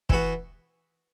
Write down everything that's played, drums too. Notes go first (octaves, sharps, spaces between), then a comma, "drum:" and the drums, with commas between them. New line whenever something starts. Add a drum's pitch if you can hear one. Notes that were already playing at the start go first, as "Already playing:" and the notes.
E3 B3 F#4, drum: kick